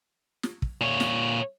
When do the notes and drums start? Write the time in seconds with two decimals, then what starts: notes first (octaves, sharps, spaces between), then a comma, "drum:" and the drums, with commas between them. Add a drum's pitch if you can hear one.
0.43 drum: snare
0.62 drum: kick
0.81 A#2 C#5
1.00 drum: snare